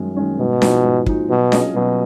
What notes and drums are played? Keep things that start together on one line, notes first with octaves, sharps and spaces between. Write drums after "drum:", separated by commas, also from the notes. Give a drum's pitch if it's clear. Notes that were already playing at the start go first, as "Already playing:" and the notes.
Already playing: F#2 D#3 G#3 C#4
D#3 G#3 C#4
G#2 B2
F3 G#3 D#4 F#4, drum: snare D4
G#2
F3 G#3 D#4 F#4, drum: kick
B2 F#3
C#4 F4 G#4 D#5, drum: snare D4
B2 F#3